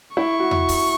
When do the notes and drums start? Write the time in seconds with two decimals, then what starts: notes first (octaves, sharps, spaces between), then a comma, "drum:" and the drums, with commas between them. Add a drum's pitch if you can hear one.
0.16 E4 C#6
0.40 F#4
0.51 drum: tom E2
0.68 drum: kick D1, open hi-hat